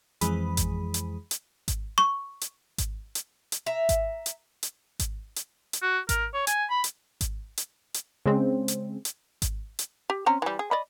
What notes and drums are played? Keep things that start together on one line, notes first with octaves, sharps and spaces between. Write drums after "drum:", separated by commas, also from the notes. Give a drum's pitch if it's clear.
F2 E3 G#3 G#4 B5, drum: hi-hat
drum: kick G#1, hi-hat
drum: hi-hat
drum: hi-hat
drum: kick G#1, hi-hat
C#6
drum: hi-hat
drum: kick G#1, hi-hat
drum: hi-hat
drum: hi-hat
E5 A#5
drum: kick G#1, hi-hat
drum: hi-hat
drum: hi-hat
drum: kick G#1, hi-hat
drum: hi-hat
drum: hi-hat
F#4
A#4, drum: kick G#1, hi-hat
C#5
G#5, drum: hi-hat
B5
drum: hi-hat
drum: kick G#1, hi-hat
drum: hi-hat
drum: hi-hat
C#3 G#3 C4
drum: hi-hat
drum: hi-hat
drum: kick G#1, hi-hat
drum: hi-hat
G4
C4 C#4 A#5
E3 G3
G#4
D5 D#5 B5